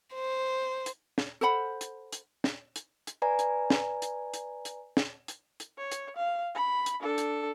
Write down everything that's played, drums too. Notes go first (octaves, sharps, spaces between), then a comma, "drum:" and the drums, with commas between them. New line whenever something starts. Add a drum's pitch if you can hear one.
C5
drum: hi-hat
drum: snare
A4 C5 F#5 B5
drum: hi-hat
drum: hi-hat
drum: snare
drum: hi-hat
drum: hi-hat
B4 D5 G#5 A#5
drum: hi-hat
drum: snare
drum: hi-hat
drum: hi-hat
drum: hi-hat
drum: snare
drum: hi-hat
drum: hi-hat
C#5
drum: hi-hat
F5
B5
drum: hi-hat
D4 A4
drum: hi-hat